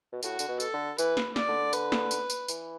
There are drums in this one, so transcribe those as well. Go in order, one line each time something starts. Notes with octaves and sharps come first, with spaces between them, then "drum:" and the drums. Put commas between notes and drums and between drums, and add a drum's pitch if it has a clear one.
B2
A2 F#4, drum: tambourine
D3, drum: tambourine
B2
A4, drum: tambourine
D3
E3 B4, drum: tambourine
drum: snare
D5, drum: snare
D3
B4, drum: tambourine
drum: snare
drum: tambourine
drum: tambourine
E3, drum: tambourine